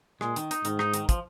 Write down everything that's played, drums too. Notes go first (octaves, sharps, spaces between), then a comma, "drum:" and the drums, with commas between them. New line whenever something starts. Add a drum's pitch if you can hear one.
A#2 G#3, drum: rim click
D#3, drum: hi-hat
D#4, drum: hi-hat
G#2 D#3, drum: hi-hat
D#4, drum: rim click
D#3, drum: hi-hat
F3, drum: kick, hi-hat